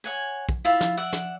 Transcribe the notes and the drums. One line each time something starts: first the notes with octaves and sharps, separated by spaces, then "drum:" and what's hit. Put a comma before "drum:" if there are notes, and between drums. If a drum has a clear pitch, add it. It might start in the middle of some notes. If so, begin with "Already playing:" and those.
C#5 F#5 G#5
drum: kick
E4 F4 E5
drum: snare
D5 E5 F#5
drum: snare